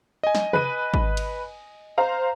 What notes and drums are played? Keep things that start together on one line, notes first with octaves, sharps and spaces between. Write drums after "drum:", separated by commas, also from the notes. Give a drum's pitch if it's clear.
D#5 G#5
drum: snare
B4 D#7, drum: tom C3
drum: kick
drum: cymbal
C5 F5 A#5